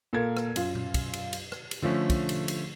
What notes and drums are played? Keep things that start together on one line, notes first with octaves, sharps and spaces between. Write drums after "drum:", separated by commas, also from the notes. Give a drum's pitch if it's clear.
A#2 A4 A#4 F5 G#6
drum: rim click
F#2 F4, drum: cymbal
drum: tom A#2
drum: kick, cymbal
drum: cymbal
drum: cymbal
drum: rim click
drum: cymbal
D3 F3 A3 C#4
drum: kick, cymbal
drum: cymbal
drum: cymbal